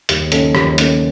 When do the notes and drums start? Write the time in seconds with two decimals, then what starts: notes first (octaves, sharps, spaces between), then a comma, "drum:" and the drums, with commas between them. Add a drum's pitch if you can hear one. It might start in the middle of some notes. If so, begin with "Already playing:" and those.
0.09 D#2, drum: hi-hat
0.32 D#3 A#3 C#4 A4, drum: hi-hat
0.55 D#2, drum: rim click
0.78 D#3 A#3 C#4 A4, drum: hi-hat